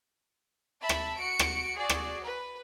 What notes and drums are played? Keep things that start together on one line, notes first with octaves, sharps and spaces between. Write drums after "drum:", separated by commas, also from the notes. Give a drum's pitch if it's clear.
E5 A5 B5
drum: rim click
F#4 C#7 D7
drum: rim click
F#4 G#4 D5
drum: rim click
B4